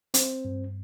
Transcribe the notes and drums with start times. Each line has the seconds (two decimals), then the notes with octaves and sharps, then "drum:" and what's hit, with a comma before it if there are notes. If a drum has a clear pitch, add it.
0.14 C4, drum: hi-hat
0.45 G2